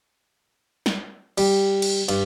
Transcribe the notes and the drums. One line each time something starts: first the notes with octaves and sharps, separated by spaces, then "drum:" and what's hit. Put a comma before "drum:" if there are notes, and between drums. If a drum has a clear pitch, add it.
drum: snare
G3, drum: cymbal
drum: cymbal
G2, drum: cymbal